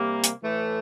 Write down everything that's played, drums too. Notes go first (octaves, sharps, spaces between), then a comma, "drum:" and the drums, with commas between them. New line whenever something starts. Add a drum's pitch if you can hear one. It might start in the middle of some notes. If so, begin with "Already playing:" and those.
Already playing: C3 G3 A#3
drum: hi-hat
A2 E3 A3